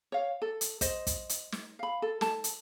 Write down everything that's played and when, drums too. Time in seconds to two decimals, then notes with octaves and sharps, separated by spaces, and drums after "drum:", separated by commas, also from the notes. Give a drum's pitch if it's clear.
0.12 C#5 F5
0.42 A4
0.61 drum: hi-hat
0.81 C5 D#5, drum: kick, hi-hat
1.07 drum: kick, hi-hat
1.29 drum: hi-hat
1.52 drum: snare
1.79 F5 B5
2.02 A4
2.21 A4 A5, drum: snare
2.44 drum: hi-hat